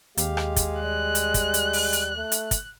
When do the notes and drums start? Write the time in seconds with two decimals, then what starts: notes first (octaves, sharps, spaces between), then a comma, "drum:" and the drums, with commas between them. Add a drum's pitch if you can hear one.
0.17 D#2 G#3 G4 F5, drum: hi-hat
0.37 drum: rim click
0.56 drum: kick, hi-hat
0.80 G3 F#6
1.15 drum: hi-hat
1.34 drum: kick, hi-hat
1.54 drum: hi-hat
1.73 drum: open hi-hat
1.93 drum: hi-hat
2.16 A3
2.32 drum: hi-hat
2.51 drum: kick, hi-hat